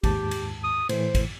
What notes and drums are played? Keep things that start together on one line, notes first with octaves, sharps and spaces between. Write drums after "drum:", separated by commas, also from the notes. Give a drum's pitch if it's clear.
D#2 G#2 G4 A5, drum: kick, cymbal
drum: cymbal
D#6
A2 E3 C5, drum: cymbal
drum: kick, cymbal